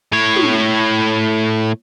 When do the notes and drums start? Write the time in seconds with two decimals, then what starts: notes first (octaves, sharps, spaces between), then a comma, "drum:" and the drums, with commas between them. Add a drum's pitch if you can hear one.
0.12 A2 C#5
0.36 drum: tom